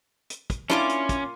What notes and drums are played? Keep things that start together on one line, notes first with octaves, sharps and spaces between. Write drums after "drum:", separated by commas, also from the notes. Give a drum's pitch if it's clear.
drum: hi-hat
drum: kick, hi-hat
A#3 C#4 D4 E4 F4 D6, drum: snare
drum: hi-hat
drum: kick, hi-hat